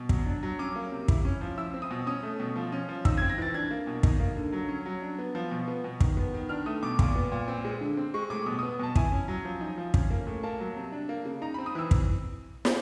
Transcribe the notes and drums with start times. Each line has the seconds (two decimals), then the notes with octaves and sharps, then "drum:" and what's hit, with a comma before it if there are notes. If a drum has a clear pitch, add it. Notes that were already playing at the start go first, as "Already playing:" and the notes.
Already playing: B2
0.09 F#3, drum: kick
0.26 D4
0.43 F#3
0.59 C#4 D6
0.76 A#3
0.92 C3
1.08 E4, drum: kick
1.25 C#4
1.41 F3
1.58 E4 E6
1.74 C4
1.82 D#6
1.91 B2
2.07 C#4 D#6
2.23 A3
2.40 B2
2.56 F3
2.72 C#4
2.89 F3
3.05 D#4 E6, drum: kick
3.17 C4 G#6
3.30 A#6
3.38 E3 A6
3.54 D4 G#6
3.71 A#3
3.87 B2
4.03 D#4, drum: kick
4.20 A#3
4.36 D3
4.53 F#3
4.69 C#4
4.86 F#3
5.02 D4
5.19 B3
5.35 F3
5.51 B2
5.68 B3
5.84 B2
6.01 D#3, drum: kick
6.17 B3
6.34 D#3
6.49 D4 F6
6.66 A3 D#6
6.82 B2 D6
6.99 A#2 D6, drum: kick
7.15 B3
7.32 A#2
7.48 C4
7.65 G#3
7.81 D3
7.97 C4
8.14 G#3 C#6
8.30 A2 D6
8.46 B2 D#6
8.59 B3 D#6
8.79 B2 A5
8.96 E4 G#5, drum: kick
9.12 C#4
9.28 F#3
9.45 F3
9.61 D#4
9.78 F3
9.94 C#4, drum: kick
10.11 A#3
10.27 A2
10.43 A#3 A5
10.60 F#3
10.76 C3
10.92 D4
11.09 A#3
11.25 C#3
11.42 D#4 A#5
11.54 C4 B5
11.66 D#6
11.75 E3 E6
11.91 drum: kick
12.65 drum: snare